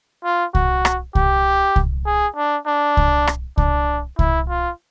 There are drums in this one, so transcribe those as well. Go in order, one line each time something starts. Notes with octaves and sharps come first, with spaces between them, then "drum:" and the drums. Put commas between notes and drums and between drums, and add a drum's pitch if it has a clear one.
F4
F#4, drum: kick C2
drum: rim click
G4, drum: kick C2
drum: kick C2
G#4
D4
D4
drum: kick C2
drum: rim click
D4, drum: kick C2
E4, drum: kick C2
F4